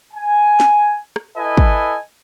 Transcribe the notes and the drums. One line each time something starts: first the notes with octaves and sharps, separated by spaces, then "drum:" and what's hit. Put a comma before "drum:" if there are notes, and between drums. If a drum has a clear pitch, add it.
G#5
drum: snare
drum: rim click
E4 A4 B4 D#5 G#5
drum: kick